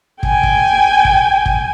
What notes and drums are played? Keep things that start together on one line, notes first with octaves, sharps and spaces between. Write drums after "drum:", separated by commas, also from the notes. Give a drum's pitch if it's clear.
G5 G#5, drum: kick
drum: kick
drum: kick
drum: kick